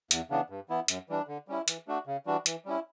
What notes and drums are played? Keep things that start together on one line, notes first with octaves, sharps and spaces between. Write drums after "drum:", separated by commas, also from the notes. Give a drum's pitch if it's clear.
E2, drum: hi-hat
C#3 E3 B3 D4
G2
E3 B3 E4
F#2, drum: hi-hat
E3 G3 D4
D3
G3 C#4 E4
E3, drum: hi-hat
A3 D4 F#4
C#3
E3 G3 D4 F#4
E3, drum: hi-hat
G3 C#4 E4